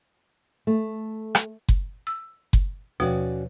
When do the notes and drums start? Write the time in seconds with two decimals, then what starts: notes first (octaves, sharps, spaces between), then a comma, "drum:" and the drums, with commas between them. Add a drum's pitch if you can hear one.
0.67 A3
1.35 drum: rim click
1.69 drum: kick F#1
2.07 E6
2.53 drum: kick F#1
3.00 D#2 B2 F3 C#4 F#4 D5